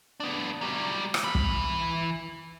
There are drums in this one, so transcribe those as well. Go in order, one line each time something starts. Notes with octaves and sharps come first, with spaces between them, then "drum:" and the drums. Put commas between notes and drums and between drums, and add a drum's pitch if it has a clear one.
B3 D4
F#3 G3
drum: rim click
E3 B5
drum: kick